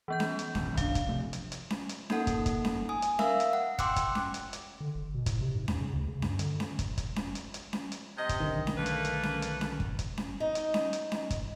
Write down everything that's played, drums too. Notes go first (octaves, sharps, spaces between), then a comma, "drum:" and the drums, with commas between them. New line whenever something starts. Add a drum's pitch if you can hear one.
E3 B3 G6
drum: snare C#4
drum: hi-hat
D#1 G#1, drum: snare C#4
B1 C#4 D4 F5, drum: kick, hi-hat
drum: kick, hi-hat
C3 F3 A3
drum: hi-hat
drum: hi-hat
drum: snare C#4
drum: hi-hat
A#3 D#4 A4 F#5, drum: snare C#4
drum: kick, hi-hat
drum: kick, hi-hat
drum: snare C#4
G#5 D#6
drum: hi-hat
A#4 E5 F5 E6, drum: snare C#4
drum: hi-hat
F#5
G5 C6 D6 E6 F#6 C#7, drum: kick, hi-hat
drum: kick, hi-hat
drum: snare C#4
drum: hi-hat
drum: hi-hat
D3
G1
B2
A2, drum: kick, hi-hat
C3
G#2
E2, drum: snare C#4
C#3
D2
C#3
G2, drum: snare C#4
D3, drum: hi-hat
drum: snare C#4
drum: kick, hi-hat
drum: kick, hi-hat
drum: snare C#4
drum: hi-hat
drum: hi-hat
drum: snare C#4
drum: hi-hat
C3 D#5
drum: kick, hi-hat
B1 D3 D#3
drum: snare C#4
A3 A#3 B4
drum: hi-hat
drum: hi-hat
drum: snare C#4
drum: hi-hat
drum: snare C#4
drum: kick
drum: kick, hi-hat
drum: snare C#4
D#4
drum: hi-hat
drum: snare C#4
drum: hi-hat
drum: snare C#4
drum: kick, hi-hat